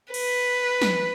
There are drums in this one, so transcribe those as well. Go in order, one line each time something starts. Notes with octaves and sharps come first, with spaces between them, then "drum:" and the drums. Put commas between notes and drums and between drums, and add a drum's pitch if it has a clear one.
B4, drum: cymbal
drum: snare